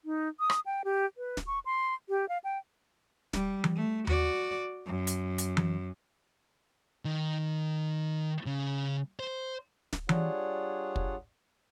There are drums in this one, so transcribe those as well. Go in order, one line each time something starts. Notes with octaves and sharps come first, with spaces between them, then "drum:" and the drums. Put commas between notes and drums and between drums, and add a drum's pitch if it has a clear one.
D#4
D#6
drum: rim click
G5
G4
B4
drum: snare
C#6
C6
G4
F5
G5
G3, drum: snare
drum: tom E3
A3
F#4 D5, drum: tom D#2
F#2
drum: hi-hat
drum: hi-hat
drum: tom E3
D#3
C#3
C5
drum: snare
G3 D4 F4 G#4 C#5 F#5, drum: tom E3
drum: kick